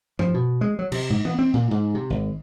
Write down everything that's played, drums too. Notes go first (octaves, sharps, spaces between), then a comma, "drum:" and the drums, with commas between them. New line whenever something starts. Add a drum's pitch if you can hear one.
F3, drum: tom G2
B2
G#3
F#3
C3, drum: cymbal
G#2
B3, drum: tom E3
C4
A#2
G#2
C3
G#1